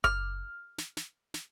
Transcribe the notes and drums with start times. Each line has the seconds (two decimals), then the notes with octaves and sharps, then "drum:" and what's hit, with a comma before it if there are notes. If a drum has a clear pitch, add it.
0.04 F6, drum: kick F#1
0.78 drum: snare
0.97 drum: snare
1.34 drum: snare